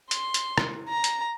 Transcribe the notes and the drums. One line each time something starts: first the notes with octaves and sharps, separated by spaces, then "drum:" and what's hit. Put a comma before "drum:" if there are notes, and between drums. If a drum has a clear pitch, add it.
C6, drum: hi-hat
drum: hi-hat
drum: rim click
A#5
drum: hi-hat